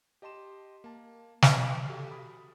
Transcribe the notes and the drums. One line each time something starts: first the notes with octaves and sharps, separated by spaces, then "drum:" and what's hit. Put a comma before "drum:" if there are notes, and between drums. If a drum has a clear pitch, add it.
G4 D#5 A5 C6 E7
A#3 A5
drum: snare
D6 F6 A6 B6
F#4 G4 A4 G5
B5 D#6